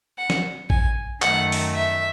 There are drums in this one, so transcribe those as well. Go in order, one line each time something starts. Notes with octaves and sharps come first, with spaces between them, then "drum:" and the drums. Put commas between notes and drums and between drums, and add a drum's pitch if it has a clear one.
F#5
drum: snare
G#5, drum: kick A1
F#2 D#3 A3 F#5, drum: clap
drum: open hi-hat
E5